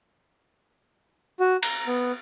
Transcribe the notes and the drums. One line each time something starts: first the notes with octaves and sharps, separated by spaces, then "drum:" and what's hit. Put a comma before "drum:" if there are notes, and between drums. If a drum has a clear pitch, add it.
F#4
A#5, drum: cymbal
B3